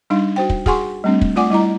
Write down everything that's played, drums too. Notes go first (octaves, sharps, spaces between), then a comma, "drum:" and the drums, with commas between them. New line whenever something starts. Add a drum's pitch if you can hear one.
G3 D4 D#4 F5
F#4 C5 G5
drum: kick
F#4 G#4 F#5 G#5 C6 C#6, drum: kick
G3 A3 C4 D4
drum: kick
A3 F4 D5 F#5 G#5 D6
G3 E4 D#5 A#5